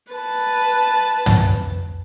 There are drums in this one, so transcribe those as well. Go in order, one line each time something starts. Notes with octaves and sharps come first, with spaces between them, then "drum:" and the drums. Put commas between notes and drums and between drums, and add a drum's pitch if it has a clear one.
B4 A5
drum: tom